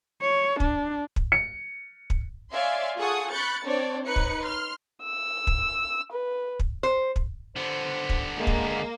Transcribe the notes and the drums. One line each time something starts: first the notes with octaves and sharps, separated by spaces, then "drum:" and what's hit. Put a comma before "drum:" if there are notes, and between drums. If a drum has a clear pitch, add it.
C#5
D4, drum: kick
drum: kick
C#7
drum: kick
C#5 D5 E5 F5 G#5 C6
F4 G#4 A4 F#5 C#6 D#6
B5 C#6 F#6 G6 A6 C#7
C4 D4 C#5 D5
D#4 B4 C#5 F#6 C#7
drum: kick
C6 F6
E6
drum: kick
B4
drum: kick
C5
drum: kick
D3 B3 C5
drum: kick
G#3 A#3
drum: kick